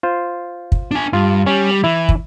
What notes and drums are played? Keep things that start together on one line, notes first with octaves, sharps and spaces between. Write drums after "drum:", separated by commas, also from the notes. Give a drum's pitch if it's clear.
F4 C5
drum: kick
D4 G#5
G2 F4
G3 C#4
E3 E4
drum: kick